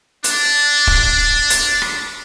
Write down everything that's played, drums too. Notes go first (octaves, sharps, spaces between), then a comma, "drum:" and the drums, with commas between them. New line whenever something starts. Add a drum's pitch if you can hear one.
D4, drum: hi-hat
drum: kick D#1
drum: hi-hat
drum: rim click